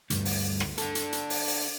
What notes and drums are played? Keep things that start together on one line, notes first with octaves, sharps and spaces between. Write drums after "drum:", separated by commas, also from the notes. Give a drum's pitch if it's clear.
D2 G2, drum: hi-hat
drum: open hi-hat
drum: rim click
D4 A4, drum: hi-hat
drum: hi-hat
drum: hi-hat
drum: open hi-hat
drum: open hi-hat